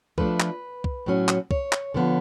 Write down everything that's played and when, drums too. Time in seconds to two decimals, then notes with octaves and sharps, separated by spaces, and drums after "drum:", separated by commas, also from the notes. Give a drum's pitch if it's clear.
0.18 F3 A3 D4 B4, drum: kick
0.40 drum: clap
0.84 drum: kick
1.06 A2 F#3 C#4
1.28 drum: clap
1.51 C#5, drum: kick
1.72 drum: clap
1.94 D3 F3 B3